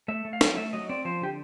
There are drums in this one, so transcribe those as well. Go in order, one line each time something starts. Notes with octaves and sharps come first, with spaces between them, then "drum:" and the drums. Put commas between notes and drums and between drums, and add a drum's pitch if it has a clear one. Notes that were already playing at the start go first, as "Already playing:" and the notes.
A3 E5
A3
F5
F#3, drum: snare
A3 E5
F#3 D#5
C4 D5
F3 C5
D3 G4